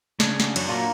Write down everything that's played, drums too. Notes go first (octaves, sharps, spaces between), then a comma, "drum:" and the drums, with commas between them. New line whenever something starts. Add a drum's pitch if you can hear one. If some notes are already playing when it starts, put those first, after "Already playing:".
C#3 D4, drum: snare
F#4, drum: snare
F#2 F#3, drum: cymbal
A#2 D4 F4 A#4